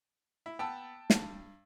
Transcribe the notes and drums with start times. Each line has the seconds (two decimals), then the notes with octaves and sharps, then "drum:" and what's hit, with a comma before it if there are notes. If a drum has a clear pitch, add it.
0.46 E4
0.59 B3 G5 A5 E6
1.10 G2, drum: snare